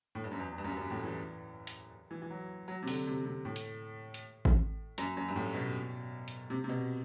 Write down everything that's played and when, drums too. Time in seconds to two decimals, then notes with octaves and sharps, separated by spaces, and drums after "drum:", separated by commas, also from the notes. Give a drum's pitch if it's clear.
0.15 A2
0.24 G2
0.31 F#2
0.39 E2
0.52 E2
0.58 G2
0.64 F#2
0.77 F#2
0.90 A2
1.03 E3
1.67 drum: hi-hat
2.11 E3
2.22 E3
2.30 F#3
2.68 F#3
2.83 C3
2.88 D3, drum: open hi-hat
3.07 C3
3.25 C3
3.45 A2
3.56 drum: hi-hat
4.14 drum: hi-hat
4.45 drum: kick G#1
4.98 F#2, drum: hi-hat
5.17 F#2
5.28 G2
5.36 A2
5.54 B2
6.28 drum: hi-hat
6.50 C3
6.64 C3
6.69 B2